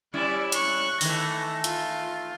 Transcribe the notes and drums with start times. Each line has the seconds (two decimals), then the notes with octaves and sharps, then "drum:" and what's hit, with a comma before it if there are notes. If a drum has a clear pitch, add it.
0.14 G3 C#4 E4 B4 D5
0.52 C#6 F#6, drum: hi-hat
1.01 D#3 E3 A3 A#6, drum: open hi-hat
1.64 F4, drum: hi-hat